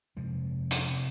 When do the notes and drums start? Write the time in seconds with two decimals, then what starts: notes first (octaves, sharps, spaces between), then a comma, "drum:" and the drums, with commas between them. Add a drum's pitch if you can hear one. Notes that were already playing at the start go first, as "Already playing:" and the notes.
0.16 F2 C3 F3 G#3
0.71 drum: hi-hat
0.90 C3